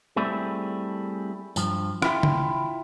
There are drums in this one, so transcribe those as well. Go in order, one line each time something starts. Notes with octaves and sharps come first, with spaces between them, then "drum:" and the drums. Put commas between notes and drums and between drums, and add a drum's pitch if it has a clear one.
G3 A3 C4 E4 G#4
G2 F3, drum: tambourine
E4 F4 E5 G5 C6, drum: rim click
drum: tom C#3